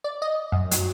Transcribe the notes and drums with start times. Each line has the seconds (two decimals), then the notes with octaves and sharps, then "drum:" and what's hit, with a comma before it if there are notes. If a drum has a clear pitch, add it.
0.04 D5
0.22 D#5
0.52 F#2
0.71 F#3, drum: hi-hat